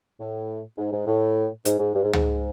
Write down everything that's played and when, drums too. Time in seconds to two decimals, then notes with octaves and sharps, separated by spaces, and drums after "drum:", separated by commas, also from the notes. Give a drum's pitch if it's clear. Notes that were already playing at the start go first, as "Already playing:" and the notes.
0.20 A2
0.78 G#2
0.92 G#2
1.07 A2
1.65 G#2, drum: hi-hat
1.79 G#2
1.94 G2
2.03 G#2
2.13 G#2, drum: tom C#2